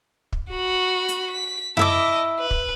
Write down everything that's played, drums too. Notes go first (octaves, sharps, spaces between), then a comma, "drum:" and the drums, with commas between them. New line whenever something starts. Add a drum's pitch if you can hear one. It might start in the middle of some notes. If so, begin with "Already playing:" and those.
drum: kick
F#4 B5
drum: hi-hat
B6
E4 D#5 E5 A5 D6, drum: tom F#2
B4
drum: kick